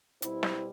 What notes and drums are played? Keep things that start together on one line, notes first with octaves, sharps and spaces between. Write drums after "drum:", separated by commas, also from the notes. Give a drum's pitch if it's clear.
B2 G3 C4 E4, drum: hi-hat
drum: snare